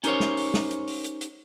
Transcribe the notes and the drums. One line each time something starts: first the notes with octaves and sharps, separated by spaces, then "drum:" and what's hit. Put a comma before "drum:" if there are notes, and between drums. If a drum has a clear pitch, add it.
C#4 D#4 G4 A#4 C5 C#5, drum: hi-hat
drum: snare
drum: open hi-hat
drum: snare
drum: hi-hat
drum: open hi-hat
drum: hi-hat
drum: hi-hat